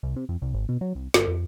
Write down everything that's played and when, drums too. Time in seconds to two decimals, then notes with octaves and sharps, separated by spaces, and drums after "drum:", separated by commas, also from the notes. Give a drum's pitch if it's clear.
0.03 C2
0.16 C3
0.29 F2
0.42 C2
0.54 G#1
0.69 B2
0.81 F#3
0.95 C2
1.14 G1, drum: snare
1.28 F2